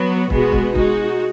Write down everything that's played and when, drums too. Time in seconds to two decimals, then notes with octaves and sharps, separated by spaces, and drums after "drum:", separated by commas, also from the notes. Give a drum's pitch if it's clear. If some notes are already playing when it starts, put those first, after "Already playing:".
Already playing: F#3 B3 F#4
0.30 B2 G#3 B3 F#4, drum: kick
0.52 drum: kick
0.75 G#3 D#4 F#4, drum: kick